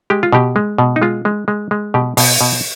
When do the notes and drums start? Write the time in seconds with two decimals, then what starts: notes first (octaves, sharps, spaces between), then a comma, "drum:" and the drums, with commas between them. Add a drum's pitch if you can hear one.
0.10 G#3 G4
0.23 F4
0.32 B2 G4
0.56 G#3
0.78 B2
0.96 D#4
1.02 G#3 F4
1.25 G#3
1.48 G#3
1.71 G#3
1.94 B2 G4
2.17 B2 F5, drum: open hi-hat
2.41 B2